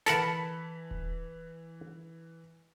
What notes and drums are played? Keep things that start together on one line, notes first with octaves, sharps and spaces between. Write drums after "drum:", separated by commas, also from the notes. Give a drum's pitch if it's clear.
E3 A4 A#4 F#5 A5 B5 B6, drum: snare
drum: kick D#1